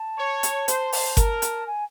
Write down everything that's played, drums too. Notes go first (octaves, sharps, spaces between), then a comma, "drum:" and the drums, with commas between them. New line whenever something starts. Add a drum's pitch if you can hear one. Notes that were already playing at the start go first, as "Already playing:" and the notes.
Already playing: A5
C#5
drum: hi-hat
C5, drum: hi-hat
drum: open hi-hat
A#4, drum: kick G1, hi-hat
drum: hi-hat
G#5